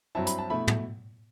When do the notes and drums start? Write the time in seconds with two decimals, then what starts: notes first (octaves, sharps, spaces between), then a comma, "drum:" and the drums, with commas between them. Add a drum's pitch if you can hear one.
0.15 G2 F#3 C4 E4 A5
0.26 B5, drum: hi-hat
0.39 A5
0.50 B2 A3 E4 B5
0.67 drum: tom